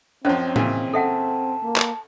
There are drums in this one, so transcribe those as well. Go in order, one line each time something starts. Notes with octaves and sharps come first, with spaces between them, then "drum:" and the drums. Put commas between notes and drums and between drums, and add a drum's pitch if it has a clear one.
F#2 F3 C4 C#4 C5 C#5 D#5
A#2 C#3 E3, drum: tom A2
A4 E5 F#5 A5
A#3
drum: clap